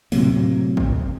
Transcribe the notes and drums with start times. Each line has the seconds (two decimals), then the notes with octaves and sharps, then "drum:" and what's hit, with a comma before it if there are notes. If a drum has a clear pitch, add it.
0.12 A2 C3 F#3 A#3, drum: open hi-hat
0.77 drum: kick